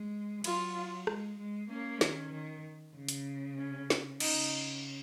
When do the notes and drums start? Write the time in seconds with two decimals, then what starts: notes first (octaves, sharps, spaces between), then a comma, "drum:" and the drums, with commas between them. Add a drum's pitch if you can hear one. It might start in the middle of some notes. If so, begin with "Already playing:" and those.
Already playing: G#3
0.44 F#3 F4, drum: cymbal
1.07 G#3, drum: rim click
1.38 G#3
1.69 A#3 C#4
2.01 D#3, drum: snare
2.33 D#3
2.96 C#3
3.09 drum: hi-hat
3.58 C#4
3.90 drum: snare
4.20 C#3 D#4, drum: cymbal